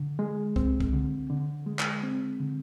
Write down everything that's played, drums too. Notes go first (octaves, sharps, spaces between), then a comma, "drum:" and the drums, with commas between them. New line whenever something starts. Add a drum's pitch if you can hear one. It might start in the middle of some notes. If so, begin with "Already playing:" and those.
Already playing: D3
G#3
C4, drum: kick C2
drum: kick C2
D3
D3
G#3
drum: clap
C4
D3